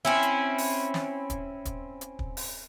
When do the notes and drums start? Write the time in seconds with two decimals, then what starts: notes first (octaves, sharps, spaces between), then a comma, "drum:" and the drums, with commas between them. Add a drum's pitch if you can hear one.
0.05 C4 C#4 E4
0.23 drum: hi-hat
0.58 drum: open hi-hat
0.94 drum: snare
1.30 drum: kick, hi-hat
1.65 drum: kick, hi-hat
2.01 drum: hi-hat
2.19 drum: kick
2.37 drum: open hi-hat